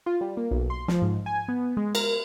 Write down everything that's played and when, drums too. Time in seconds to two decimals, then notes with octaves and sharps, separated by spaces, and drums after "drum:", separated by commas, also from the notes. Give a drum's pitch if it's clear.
0.06 F4
0.21 G3
0.37 A#3
0.51 B1
0.70 C6
0.88 F3, drum: snare
1.02 G#2
1.26 G#5
1.48 B3
1.77 G#3
1.95 A#4, drum: cymbal